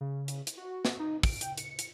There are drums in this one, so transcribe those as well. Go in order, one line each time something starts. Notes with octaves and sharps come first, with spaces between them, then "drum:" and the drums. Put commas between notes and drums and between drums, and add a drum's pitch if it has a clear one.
C#3
drum: hi-hat
drum: hi-hat
F#4
drum: snare
D#4
D7, drum: kick, open hi-hat
G5, drum: hi-hat
C#7, drum: hi-hat
drum: hi-hat